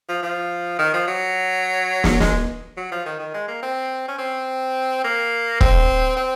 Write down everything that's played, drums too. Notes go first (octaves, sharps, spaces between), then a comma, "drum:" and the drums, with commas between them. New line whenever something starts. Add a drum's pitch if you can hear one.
F3
F3
D#3
F3
F#3
drum: snare
G#3, drum: snare
F#3
F3
D#3
D#3
G#3
A#3
C4
C#4
C4
A#3
C4, drum: kick
C4